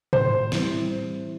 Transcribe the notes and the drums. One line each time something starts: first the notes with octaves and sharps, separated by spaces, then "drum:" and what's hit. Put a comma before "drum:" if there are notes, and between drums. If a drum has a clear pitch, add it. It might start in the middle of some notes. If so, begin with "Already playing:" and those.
A2 C5, drum: tom G#2
E3 G3 C4 E4, drum: snare